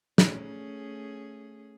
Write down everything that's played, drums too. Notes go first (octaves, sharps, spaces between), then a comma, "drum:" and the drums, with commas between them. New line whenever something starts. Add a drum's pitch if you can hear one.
A3 C#4 G#4, drum: snare